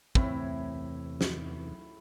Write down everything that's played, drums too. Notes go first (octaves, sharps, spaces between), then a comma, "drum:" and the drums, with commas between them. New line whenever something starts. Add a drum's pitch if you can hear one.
E2 A2 C3 E3 C4 E4, drum: kick
drum: snare